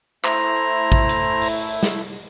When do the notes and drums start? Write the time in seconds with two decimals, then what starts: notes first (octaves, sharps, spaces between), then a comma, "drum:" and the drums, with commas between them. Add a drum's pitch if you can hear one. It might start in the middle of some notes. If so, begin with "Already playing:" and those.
0.25 A3 E4 C5 A#5, drum: clap
0.92 drum: kick
1.09 drum: hi-hat
1.41 drum: open hi-hat
1.83 drum: snare